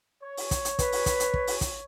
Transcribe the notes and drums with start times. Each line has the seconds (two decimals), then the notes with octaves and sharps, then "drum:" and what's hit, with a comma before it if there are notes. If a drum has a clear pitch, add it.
0.23 C#5
0.37 drum: open hi-hat
0.51 drum: kick, hi-hat
0.65 drum: hi-hat
0.79 B4, drum: kick, hi-hat
0.92 drum: open hi-hat
1.06 drum: kick, hi-hat
1.20 drum: hi-hat
1.34 drum: kick
1.47 drum: open hi-hat
1.61 drum: kick, hi-hat